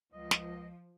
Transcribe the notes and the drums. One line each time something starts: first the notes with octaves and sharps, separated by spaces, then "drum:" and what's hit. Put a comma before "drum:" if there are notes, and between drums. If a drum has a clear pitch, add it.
C#2 F3 D#5
drum: snare